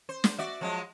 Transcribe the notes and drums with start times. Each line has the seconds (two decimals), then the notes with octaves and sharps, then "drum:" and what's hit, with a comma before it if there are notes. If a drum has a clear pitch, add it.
0.09 C5
0.24 drum: snare
0.38 F#4 D5 E5
0.61 F3 F#3 G#3